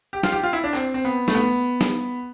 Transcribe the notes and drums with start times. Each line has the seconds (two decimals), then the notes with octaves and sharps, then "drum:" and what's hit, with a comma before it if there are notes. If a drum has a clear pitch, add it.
0.13 G4
0.23 F4, drum: snare
0.32 G4
0.43 F4
0.53 E4
0.64 D4
0.74 C4, drum: clap
0.94 C4
1.05 B3
1.28 A3, drum: snare
1.35 B3
1.81 drum: snare